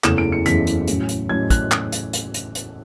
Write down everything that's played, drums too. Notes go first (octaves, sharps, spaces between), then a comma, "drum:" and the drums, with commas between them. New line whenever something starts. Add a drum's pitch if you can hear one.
F#1 E2 C#3 E3 A3 E7, drum: clap
D7
C#7
F#1 E2 C#3 E3 A3 B6, drum: hi-hat
drum: hi-hat
A2 F#3 C#4, drum: hi-hat
drum: hi-hat
A2 F#3 C#4 G#6
F#6, drum: kick, hi-hat
drum: clap
drum: hi-hat
drum: hi-hat
drum: hi-hat
drum: hi-hat